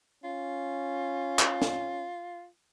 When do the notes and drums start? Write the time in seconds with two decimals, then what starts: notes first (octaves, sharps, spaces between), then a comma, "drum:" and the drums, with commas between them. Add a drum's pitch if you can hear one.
0.24 C#4 F4
1.39 drum: clap
1.62 drum: snare